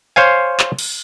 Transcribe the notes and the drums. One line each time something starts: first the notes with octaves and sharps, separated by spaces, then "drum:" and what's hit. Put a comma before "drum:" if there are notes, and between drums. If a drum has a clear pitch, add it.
C5 C#5 F5 G#5
drum: clap
drum: cymbal